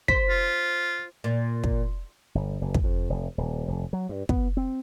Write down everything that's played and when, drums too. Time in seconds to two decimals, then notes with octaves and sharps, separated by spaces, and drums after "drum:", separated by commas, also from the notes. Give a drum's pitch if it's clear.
0.08 C5 B6, drum: kick
0.29 F4
1.24 A#2
1.64 drum: kick
2.35 G1
2.61 F#1
2.74 drum: kick
2.84 F2
3.10 F1
3.38 D#1
3.68 F1
3.93 F#3
4.09 G2
4.29 B3, drum: kick
4.57 C4